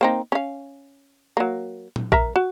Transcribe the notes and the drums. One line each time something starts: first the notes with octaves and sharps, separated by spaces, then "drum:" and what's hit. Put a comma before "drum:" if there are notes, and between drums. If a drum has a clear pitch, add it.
A#3 C4 D#4
C#4 F5
F#3 A#3
drum: tom A#2
A#4 E5 A#5, drum: kick
F#4